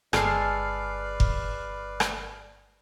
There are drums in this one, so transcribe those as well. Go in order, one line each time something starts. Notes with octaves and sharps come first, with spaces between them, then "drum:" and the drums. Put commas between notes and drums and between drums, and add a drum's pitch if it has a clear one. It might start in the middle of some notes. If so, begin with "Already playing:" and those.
G1 G#3 A4 B4 D5 F6 C7, drum: rim click
drum: kick F1
drum: rim click